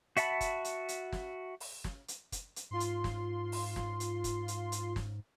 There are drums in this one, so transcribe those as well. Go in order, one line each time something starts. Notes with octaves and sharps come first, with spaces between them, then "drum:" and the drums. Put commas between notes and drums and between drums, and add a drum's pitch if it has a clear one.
F#4 E5 F#5 A5 B5, drum: hi-hat
drum: kick, hi-hat
drum: hi-hat
drum: hi-hat
drum: snare
drum: open hi-hat
drum: snare
drum: hi-hat
drum: kick, hi-hat
drum: hi-hat
G#2 F4 C6
drum: hi-hat
drum: snare
drum: open hi-hat
drum: snare
drum: hi-hat
drum: kick, hi-hat
drum: hi-hat
drum: hi-hat
drum: snare